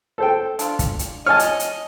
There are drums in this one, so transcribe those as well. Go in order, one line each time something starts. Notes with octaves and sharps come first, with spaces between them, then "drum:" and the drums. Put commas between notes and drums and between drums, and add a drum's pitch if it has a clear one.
A4 C5 G5
D4 F4, drum: hi-hat
drum: kick, hi-hat
drum: hi-hat
C#5 D#5 G#5 A5 F6
drum: hi-hat
drum: hi-hat